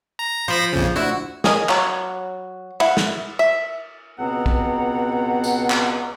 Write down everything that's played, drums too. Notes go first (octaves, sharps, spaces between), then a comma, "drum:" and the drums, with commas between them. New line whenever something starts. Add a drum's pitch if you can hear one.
A#5
F3 C5 B5 A#6
A#1 F2 C#3
D2 E4 F#4
G#4 A#4 D#5, drum: snare
F#3, drum: clap
E4 F#5, drum: cymbal
drum: snare
E5
C#2 B2 B3 C4 F#5 A#5
drum: kick
drum: tambourine
drum: clap